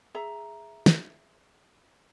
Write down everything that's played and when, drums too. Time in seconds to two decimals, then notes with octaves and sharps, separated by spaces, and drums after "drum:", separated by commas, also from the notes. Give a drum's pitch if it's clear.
0.15 G#4 E5 A#5
0.86 drum: snare